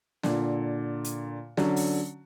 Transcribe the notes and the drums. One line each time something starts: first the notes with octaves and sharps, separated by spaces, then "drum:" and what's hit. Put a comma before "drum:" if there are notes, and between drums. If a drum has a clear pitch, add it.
A#2 D3, drum: snare
drum: hi-hat
D3 F#3 C#4, drum: snare
drum: open hi-hat